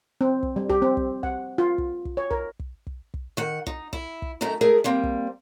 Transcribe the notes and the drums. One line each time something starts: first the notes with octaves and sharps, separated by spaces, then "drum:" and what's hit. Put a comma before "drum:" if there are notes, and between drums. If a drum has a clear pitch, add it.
C4
drum: kick
G3
G4, drum: kick
C4
drum: kick
F#5, drum: kick
F4
drum: kick
drum: kick
C#5
A#4, drum: kick
drum: kick
drum: kick
drum: kick
D#3 F#5
D#4, drum: kick
E4, drum: kick
drum: kick
F#2 A3 D#4 A#5
G#3 A3 G#4 A#4
G3 A#3 C4
drum: kick